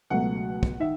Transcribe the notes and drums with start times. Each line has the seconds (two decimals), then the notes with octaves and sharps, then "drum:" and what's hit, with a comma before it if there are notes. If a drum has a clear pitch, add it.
0.10 C#2 B2 F#3 A3 F#5
0.63 drum: kick
0.80 D#3 E5